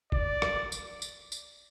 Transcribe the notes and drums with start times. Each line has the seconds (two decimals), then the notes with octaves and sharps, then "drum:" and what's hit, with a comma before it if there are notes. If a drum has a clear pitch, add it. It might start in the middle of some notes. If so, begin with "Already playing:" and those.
0.12 D5, drum: kick
0.42 drum: rim click
0.72 drum: tambourine
1.02 drum: tambourine
1.32 drum: tambourine